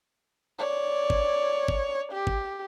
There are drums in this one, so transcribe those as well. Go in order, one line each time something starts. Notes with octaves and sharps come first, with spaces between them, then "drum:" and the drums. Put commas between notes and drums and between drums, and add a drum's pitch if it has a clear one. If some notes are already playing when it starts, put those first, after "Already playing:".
C#5 D5
drum: kick
drum: kick
G4
drum: kick